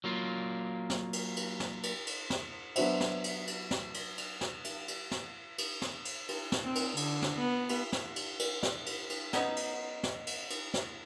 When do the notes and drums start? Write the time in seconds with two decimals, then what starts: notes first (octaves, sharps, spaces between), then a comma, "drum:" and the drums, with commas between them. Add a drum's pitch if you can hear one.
0.04 F#3 A#3 F4
0.90 drum: snare
1.13 drum: cymbal
1.36 drum: cymbal
1.60 drum: snare
1.83 drum: cymbal
2.07 drum: cymbal
2.30 drum: snare
2.76 F#3 B3 D4 F#4 C5 E5, drum: cymbal
3.00 drum: snare
3.24 drum: cymbal
3.47 drum: cymbal
3.71 drum: snare
3.94 drum: cymbal
4.18 drum: cymbal
4.41 drum: snare
4.64 drum: cymbal
4.88 drum: cymbal
5.11 drum: snare
5.58 drum: cymbal
5.82 drum: snare
6.05 drum: cymbal
6.28 drum: cymbal
6.52 drum: snare
6.63 C4
6.75 drum: cymbal
6.97 D3, drum: cymbal
7.22 drum: snare
7.38 B3
7.69 drum: cymbal
7.92 drum: snare
8.16 drum: cymbal
8.39 drum: cymbal
8.63 drum: snare
8.86 drum: cymbal
9.10 drum: cymbal
9.33 F#3 B3 C#4 D#4, drum: snare
9.56 drum: cymbal
10.03 drum: snare
10.27 drum: cymbal
10.50 drum: cymbal
10.74 drum: snare